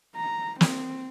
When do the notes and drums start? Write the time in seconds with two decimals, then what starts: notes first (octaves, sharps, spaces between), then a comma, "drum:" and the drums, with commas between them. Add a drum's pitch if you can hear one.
0.16 A#5
0.61 C4, drum: snare